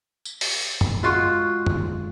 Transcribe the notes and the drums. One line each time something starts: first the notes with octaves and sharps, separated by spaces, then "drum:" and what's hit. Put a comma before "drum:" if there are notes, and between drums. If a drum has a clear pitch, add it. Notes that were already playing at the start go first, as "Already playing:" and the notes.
drum: tambourine
drum: open hi-hat
drum: tom
G#3 F4 F#4
drum: tom